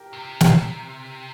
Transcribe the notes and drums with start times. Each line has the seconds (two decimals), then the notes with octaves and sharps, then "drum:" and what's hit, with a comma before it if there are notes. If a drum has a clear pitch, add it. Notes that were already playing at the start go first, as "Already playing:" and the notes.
Already playing: G4 A#4
0.13 C3
0.41 drum: snare